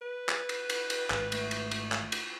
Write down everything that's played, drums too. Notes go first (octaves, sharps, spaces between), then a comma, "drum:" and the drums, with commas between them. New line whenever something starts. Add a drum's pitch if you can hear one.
B4
drum: clap
drum: cymbal
drum: cymbal
drum: cymbal
G#1, drum: clap
A3, drum: cymbal
drum: cymbal
drum: cymbal
drum: clap
drum: cymbal